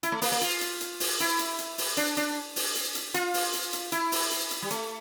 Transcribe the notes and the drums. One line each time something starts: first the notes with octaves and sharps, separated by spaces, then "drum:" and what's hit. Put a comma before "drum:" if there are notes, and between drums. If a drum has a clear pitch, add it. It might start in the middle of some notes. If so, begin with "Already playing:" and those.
E4, drum: hi-hat
A3
A#3, drum: open hi-hat
A#3
F4, drum: hi-hat
drum: hi-hat
drum: hi-hat
drum: open hi-hat
E4, drum: hi-hat
drum: hi-hat
drum: hi-hat
drum: open hi-hat
D4, drum: hi-hat
D4, drum: hi-hat
drum: open hi-hat
drum: hi-hat
drum: hi-hat
F4, drum: hi-hat
drum: open hi-hat
drum: hi-hat
drum: hi-hat
E4, drum: hi-hat
drum: open hi-hat
drum: hi-hat
drum: hi-hat
G3
A3, drum: hi-hat